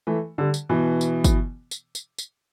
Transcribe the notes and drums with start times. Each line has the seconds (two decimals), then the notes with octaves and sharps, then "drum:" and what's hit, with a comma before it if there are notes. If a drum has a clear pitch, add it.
0.07 E3 A3
0.38 D3 G3
0.54 drum: tambourine
0.69 B2 E3
1.01 drum: tambourine
1.24 drum: kick, tambourine
1.71 drum: tambourine
1.95 drum: tambourine
2.18 drum: tambourine